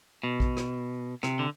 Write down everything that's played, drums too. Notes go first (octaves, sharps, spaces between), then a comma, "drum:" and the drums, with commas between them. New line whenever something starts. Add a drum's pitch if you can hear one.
B2
drum: kick A#1
drum: rim click
C3, drum: rim click
D3